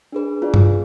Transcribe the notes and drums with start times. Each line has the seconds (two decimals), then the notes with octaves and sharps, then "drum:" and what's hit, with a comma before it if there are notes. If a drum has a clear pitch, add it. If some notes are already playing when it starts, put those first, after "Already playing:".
0.12 D4 G#4 B4
0.42 B3 F4 G#4 B4 D5
0.54 drum: tom G2